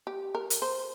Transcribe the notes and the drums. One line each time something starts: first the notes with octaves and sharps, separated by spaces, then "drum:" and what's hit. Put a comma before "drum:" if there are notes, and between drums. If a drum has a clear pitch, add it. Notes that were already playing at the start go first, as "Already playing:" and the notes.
G4
A#4
drum: hi-hat
C5